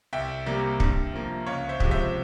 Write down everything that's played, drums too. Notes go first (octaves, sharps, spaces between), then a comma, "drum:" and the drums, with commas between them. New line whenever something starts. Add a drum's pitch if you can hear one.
C2 E5 G5
C3 G3 A#3
G2, drum: kick
F3 A#3
C#2 C#5 F5
C5 E5
C3 F3 G#3, drum: kick
C5 E5